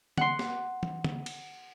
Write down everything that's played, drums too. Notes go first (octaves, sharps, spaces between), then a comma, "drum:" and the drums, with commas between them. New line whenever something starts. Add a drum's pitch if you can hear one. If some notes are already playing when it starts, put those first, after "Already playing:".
F#5 C6, drum: tom D3
drum: snare
drum: tom
drum: tom D3
drum: cymbal